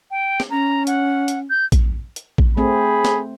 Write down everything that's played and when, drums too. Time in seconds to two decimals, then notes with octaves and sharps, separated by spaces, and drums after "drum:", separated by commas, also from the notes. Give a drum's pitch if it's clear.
0.11 G5
0.40 drum: snare
0.50 C#4 A#5
0.87 F#5, drum: hi-hat
1.28 drum: hi-hat
1.50 G6
1.72 drum: kick A#1, hi-hat
2.16 drum: hi-hat
2.38 drum: kick A#1
2.57 A3 C4 G#4 B5
3.05 drum: snare